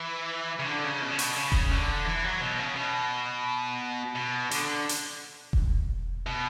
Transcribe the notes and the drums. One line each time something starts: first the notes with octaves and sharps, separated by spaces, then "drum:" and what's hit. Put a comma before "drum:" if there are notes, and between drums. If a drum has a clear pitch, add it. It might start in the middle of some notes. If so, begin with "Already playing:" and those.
Already playing: E3
C#3
D3
C#3
B2
C#3
B2, drum: open hi-hat
C#3
drum: kick E1
D3
E3
F#3
B2
C#3
B2
B2
D3, drum: hi-hat
drum: hi-hat
drum: kick E1
B2